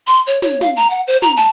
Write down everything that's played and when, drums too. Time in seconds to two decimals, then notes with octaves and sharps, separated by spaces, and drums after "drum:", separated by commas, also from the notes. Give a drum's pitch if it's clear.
0.07 C6
0.27 C#5
0.42 C#5, drum: snare
0.61 F5, drum: snare
0.76 A#5
0.90 F#5
1.07 C5
1.22 A#5, drum: snare
1.36 A5